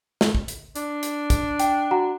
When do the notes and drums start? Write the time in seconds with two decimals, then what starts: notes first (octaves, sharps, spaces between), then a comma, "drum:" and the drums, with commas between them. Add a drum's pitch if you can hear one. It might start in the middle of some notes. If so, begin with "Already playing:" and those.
0.21 drum: snare
0.35 drum: kick
0.48 drum: hi-hat
0.76 D4, drum: hi-hat
1.03 drum: hi-hat
1.30 drum: kick, hi-hat
1.60 G5, drum: hi-hat
1.91 F#4 F#5 A#5